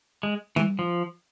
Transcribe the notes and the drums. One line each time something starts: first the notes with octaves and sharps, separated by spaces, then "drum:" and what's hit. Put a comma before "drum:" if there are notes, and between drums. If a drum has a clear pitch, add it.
G#3
E3, drum: tom G3
F3